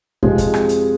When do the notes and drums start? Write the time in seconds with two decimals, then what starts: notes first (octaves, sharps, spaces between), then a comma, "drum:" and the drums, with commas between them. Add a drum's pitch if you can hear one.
0.23 F2 C3 F3 G#3 G#4, drum: kick
0.38 drum: kick, hi-hat
0.54 drum: rim click
0.69 drum: hi-hat